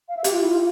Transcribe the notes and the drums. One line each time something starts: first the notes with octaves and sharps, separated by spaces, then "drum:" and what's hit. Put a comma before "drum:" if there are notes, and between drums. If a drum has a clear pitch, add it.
F5
E5
G4, drum: hi-hat
F4
E4
F4